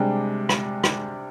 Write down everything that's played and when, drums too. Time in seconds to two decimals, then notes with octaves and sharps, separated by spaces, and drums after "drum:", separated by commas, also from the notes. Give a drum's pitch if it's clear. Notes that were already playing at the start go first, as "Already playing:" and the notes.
Already playing: C3 G3 G#3 D4
0.49 drum: rim click
0.84 drum: rim click